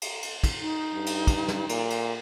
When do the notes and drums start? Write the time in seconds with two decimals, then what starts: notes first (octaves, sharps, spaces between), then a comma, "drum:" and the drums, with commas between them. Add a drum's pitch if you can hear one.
0.02 drum: cymbal
0.23 drum: cymbal
0.44 drum: kick, cymbal
0.61 D#4
0.93 G2
1.06 drum: cymbal
1.27 drum: kick, cymbal
1.48 drum: snare
1.69 A#2, drum: cymbal
1.90 drum: cymbal